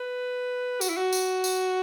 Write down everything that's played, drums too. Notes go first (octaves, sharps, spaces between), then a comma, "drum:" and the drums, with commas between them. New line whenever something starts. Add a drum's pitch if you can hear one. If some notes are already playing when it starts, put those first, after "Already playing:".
Already playing: B4
F#4, drum: tambourine
E4
F#4
drum: tambourine
drum: tambourine